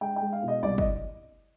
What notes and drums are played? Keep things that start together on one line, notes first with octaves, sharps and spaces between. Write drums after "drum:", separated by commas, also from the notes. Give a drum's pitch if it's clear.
G#3 G5
G5
G#3
F5
B2
D#5
C2 D5
D#5, drum: kick